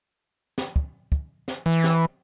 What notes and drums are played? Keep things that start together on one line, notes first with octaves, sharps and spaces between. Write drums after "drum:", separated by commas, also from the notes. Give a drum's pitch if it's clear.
drum: snare
drum: kick
drum: kick
drum: snare
E3
drum: snare